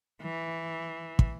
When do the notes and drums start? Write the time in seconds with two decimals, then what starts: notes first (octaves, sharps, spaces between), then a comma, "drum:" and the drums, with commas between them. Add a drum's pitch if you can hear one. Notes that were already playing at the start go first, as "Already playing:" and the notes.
0.22 E3
1.19 drum: kick